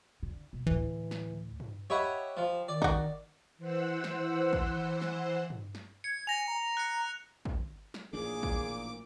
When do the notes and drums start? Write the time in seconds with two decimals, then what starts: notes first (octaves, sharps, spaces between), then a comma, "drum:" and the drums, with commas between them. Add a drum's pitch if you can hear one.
0.23 D3
0.53 B2
0.67 D2 A2 E3
1.11 drum: snare
1.60 drum: tom
1.90 G4 C#5 D#5 E5 F#5 B5
2.37 F3
2.68 D#3 D5
2.82 D#4 F#4, drum: kick
3.58 E3 C5 F#5 E6
4.04 drum: snare
4.53 drum: kick
5.01 drum: snare
5.50 drum: tom
5.75 drum: snare
6.04 G#6 C#7
6.27 G#5 A#6 F7
6.48 A#5
6.77 F#6 C#7
7.45 drum: kick
7.94 drum: snare
8.13 A1 A#2 F3 D4 G#4 D6
8.43 drum: kick